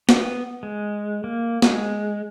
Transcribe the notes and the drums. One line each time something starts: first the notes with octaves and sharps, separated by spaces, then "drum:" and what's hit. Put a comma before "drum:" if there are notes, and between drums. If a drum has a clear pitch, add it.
B3, drum: snare
G#3
A#3
G#3, drum: snare